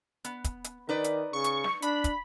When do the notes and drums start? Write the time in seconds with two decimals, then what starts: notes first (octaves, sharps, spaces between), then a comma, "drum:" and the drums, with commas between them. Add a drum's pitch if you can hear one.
0.24 B3, drum: hi-hat
0.44 drum: kick, hi-hat
0.64 drum: hi-hat
0.89 D#3 D#4 B4 D5
1.04 drum: hi-hat
1.33 C#3 C#6
1.44 drum: hi-hat
1.64 drum: snare
1.82 D4 B5, drum: hi-hat
2.04 drum: kick, hi-hat